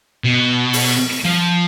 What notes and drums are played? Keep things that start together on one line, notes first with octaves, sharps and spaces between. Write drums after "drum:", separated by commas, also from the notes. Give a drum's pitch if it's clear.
B2
drum: open hi-hat
F3